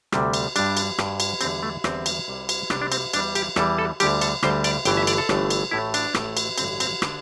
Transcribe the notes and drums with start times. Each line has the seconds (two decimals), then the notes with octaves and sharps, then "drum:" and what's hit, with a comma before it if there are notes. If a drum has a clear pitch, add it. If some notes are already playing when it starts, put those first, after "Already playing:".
0.12 D2 C3 G3, drum: rim click
0.34 drum: cymbal
0.56 G2 G3 D4, drum: cymbal
0.77 drum: cymbal
0.98 G2 G3, drum: rim click
1.20 drum: cymbal
1.41 E2 D3 G3 C4, drum: cymbal
1.63 A3
1.84 E2 D3 G3 C4, drum: rim click
2.06 drum: cymbal
2.28 C2 C3 G3
2.49 drum: cymbal
2.70 C2 C3 G3 D4, drum: rim click
2.81 D4
2.92 C4, drum: cymbal
3.13 E2 E3 G3 D4, drum: cymbal
3.35 G4, drum: cymbal
3.56 E2 E3 G3 A4, drum: rim click
3.78 A4
4.00 D2 D3 G3 G4, drum: cymbal
4.21 A4, drum: cymbal
4.43 D2 D3 G3 C5, drum: rim click
4.64 D5, drum: cymbal
4.85 G1 G2 E3 A3 G5, drum: cymbal
4.97 E5
5.07 D5, drum: cymbal
5.18 A4
5.29 G1 G2 E3 A3, drum: rim click
5.50 drum: cymbal
5.71 A1 A2 A3 E4
5.94 D4, drum: cymbal
6.14 A1 A2 A3, drum: rim click
6.37 drum: cymbal
6.58 A1 G2 D3 C4, drum: cymbal
6.80 C4, drum: cymbal
7.02 D3 D4, drum: rim click